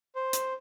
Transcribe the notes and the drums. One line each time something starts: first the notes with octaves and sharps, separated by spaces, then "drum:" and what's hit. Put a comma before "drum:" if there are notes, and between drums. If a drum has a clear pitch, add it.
C5
drum: hi-hat